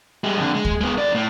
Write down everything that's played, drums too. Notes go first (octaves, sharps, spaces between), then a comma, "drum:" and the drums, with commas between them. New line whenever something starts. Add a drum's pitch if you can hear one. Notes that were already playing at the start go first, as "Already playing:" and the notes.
G3 G#3
F2 D3
G#3
drum: kick
G#3 B3
D#3 D5
A2